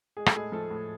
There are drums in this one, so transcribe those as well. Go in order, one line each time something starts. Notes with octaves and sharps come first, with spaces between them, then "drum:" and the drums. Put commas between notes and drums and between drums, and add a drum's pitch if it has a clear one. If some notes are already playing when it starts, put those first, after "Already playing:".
G#3 G#4
A4, drum: rim click
A2 G#3 G#4
F3 A3 A4
A2